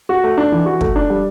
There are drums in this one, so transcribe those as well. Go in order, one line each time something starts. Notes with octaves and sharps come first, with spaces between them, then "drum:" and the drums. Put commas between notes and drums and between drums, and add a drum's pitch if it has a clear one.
F#4
A3
D4
E3
F#4
A3, drum: kick
D4
G3